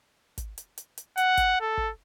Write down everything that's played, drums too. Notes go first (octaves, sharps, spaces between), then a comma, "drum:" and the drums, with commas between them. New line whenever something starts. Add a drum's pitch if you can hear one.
drum: kick, hi-hat
drum: hi-hat
drum: hi-hat
drum: hi-hat
F#5, drum: hi-hat
drum: kick, hi-hat
A4
drum: kick